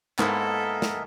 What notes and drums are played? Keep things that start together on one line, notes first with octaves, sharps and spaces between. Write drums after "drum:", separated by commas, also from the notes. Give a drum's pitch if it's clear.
G#2 A#3 B3 E4 A4 A#4 D#5 E5, drum: clap
drum: snare